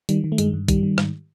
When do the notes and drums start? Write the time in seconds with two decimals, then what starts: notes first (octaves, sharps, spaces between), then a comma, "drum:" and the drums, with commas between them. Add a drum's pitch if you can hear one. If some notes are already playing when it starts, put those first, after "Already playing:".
0.09 D#3 G3, drum: hi-hat
0.24 D#3
0.32 A3
0.38 G2 G#3, drum: hi-hat
0.53 G2
0.68 D#3 G3, drum: kick, hi-hat
0.83 D#3
0.98 G#2, drum: rim click